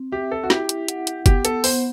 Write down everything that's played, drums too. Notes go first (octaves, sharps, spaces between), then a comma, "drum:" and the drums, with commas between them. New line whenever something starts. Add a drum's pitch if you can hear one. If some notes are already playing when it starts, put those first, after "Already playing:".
Already playing: C4
G4 E5
A4
F#4
E4 G4, drum: snare
drum: hi-hat
F#5, drum: hi-hat
drum: hi-hat
B3 G4, drum: kick, hi-hat
A4, drum: hi-hat
B3 C5, drum: open hi-hat